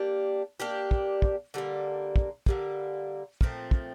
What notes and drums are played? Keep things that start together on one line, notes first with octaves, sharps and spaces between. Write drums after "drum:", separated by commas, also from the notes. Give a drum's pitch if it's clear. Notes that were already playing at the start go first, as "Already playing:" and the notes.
Already playing: A#3 D4 G4
A#3 D4 G4
drum: kick
drum: kick
D3 G3 A#3
drum: kick
D3 G3 A#3, drum: kick
A#2 F3 A3 C4, drum: kick
drum: kick